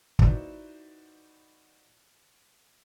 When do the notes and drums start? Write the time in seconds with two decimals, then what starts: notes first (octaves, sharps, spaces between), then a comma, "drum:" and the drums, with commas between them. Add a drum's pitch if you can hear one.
0.19 D#4 E4 F#4 B4 C5 D5, drum: kick